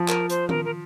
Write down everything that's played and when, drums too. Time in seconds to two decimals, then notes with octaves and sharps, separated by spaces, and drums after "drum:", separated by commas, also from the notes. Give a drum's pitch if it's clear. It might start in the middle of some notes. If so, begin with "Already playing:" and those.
Already playing: F3
0.08 A#4, drum: clap
0.30 C5, drum: hi-hat
0.49 A#4, drum: tom D#3
0.65 A#4